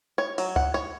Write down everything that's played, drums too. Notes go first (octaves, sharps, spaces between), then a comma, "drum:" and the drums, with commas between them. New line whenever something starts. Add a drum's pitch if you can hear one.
C#5
F#3, drum: cymbal
F#5, drum: kick C#2
C#5